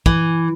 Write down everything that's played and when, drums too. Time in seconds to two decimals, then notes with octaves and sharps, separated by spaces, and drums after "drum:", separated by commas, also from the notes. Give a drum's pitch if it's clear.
0.06 E3, drum: kick